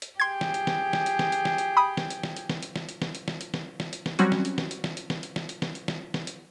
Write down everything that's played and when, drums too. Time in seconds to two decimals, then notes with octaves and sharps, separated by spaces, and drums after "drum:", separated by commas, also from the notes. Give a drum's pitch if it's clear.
0.02 drum: hi-hat
0.20 G4 G#4 C6 G#6
0.41 drum: snare
0.54 drum: hi-hat
0.67 drum: snare
0.93 drum: snare
1.06 drum: hi-hat
1.19 drum: snare
1.32 drum: hi-hat
1.45 drum: snare
1.58 drum: hi-hat
1.77 B5 D#6
1.97 drum: snare
2.10 drum: hi-hat
2.23 drum: snare
2.36 drum: hi-hat
2.50 drum: snare
2.63 drum: hi-hat
2.76 drum: snare
2.89 drum: hi-hat
3.02 drum: snare
3.15 drum: hi-hat
3.28 drum: snare
3.41 drum: hi-hat
3.54 drum: snare
3.80 drum: snare
3.93 drum: hi-hat
4.06 drum: snare
4.19 F#3 G3 C4 C#4 F#4, drum: hi-hat
4.32 drum: snare
4.45 drum: hi-hat
4.58 drum: snare
4.71 drum: hi-hat
4.84 drum: snare
4.97 drum: hi-hat
5.10 drum: snare
5.23 drum: hi-hat
5.36 drum: snare
5.49 drum: hi-hat
5.62 drum: snare
5.75 drum: hi-hat
5.88 drum: snare
6.14 drum: snare
6.27 drum: hi-hat